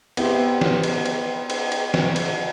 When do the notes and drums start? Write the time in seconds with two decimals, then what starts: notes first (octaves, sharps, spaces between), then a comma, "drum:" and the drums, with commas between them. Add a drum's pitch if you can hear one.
0.17 B3 E4 G4 C5, drum: cymbal
0.61 drum: snare
0.83 drum: cymbal
1.06 drum: cymbal
1.50 drum: cymbal
1.72 drum: cymbal
1.94 drum: snare
2.16 drum: cymbal